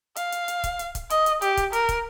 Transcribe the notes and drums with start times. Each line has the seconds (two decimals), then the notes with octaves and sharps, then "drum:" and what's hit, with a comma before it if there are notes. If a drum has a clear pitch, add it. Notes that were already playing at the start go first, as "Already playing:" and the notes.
0.16 F5, drum: hi-hat
0.32 drum: hi-hat
0.48 drum: hi-hat
0.64 drum: kick, hi-hat
0.79 drum: hi-hat
0.95 drum: kick, hi-hat
1.10 D#5, drum: hi-hat
1.26 drum: hi-hat
1.42 G4, drum: hi-hat
1.57 drum: kick, hi-hat
1.73 A#4, drum: hi-hat
1.89 drum: kick, hi-hat